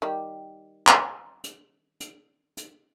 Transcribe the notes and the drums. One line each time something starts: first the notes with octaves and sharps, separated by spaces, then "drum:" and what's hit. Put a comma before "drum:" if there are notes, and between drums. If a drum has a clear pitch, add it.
D#3 G3 G4
drum: clap
drum: hi-hat
drum: hi-hat
drum: hi-hat